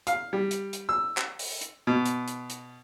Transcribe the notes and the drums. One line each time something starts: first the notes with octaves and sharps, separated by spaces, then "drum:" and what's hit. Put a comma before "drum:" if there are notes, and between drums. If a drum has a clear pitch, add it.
F5, drum: hi-hat
G3
drum: hi-hat
drum: hi-hat
E6
drum: clap
drum: open hi-hat
drum: hi-hat
B2
drum: hi-hat
drum: hi-hat
drum: hi-hat